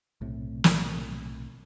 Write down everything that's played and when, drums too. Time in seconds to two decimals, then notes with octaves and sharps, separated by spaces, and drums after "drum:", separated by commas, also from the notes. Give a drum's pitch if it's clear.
0.21 B1 A2 C3
0.64 drum: snare